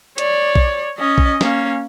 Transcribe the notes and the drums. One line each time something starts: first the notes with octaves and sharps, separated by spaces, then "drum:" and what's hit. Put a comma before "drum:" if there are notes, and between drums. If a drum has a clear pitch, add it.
C#5 D5, drum: hi-hat
drum: kick
C#4 D#5
drum: kick
A#3 C#4, drum: snare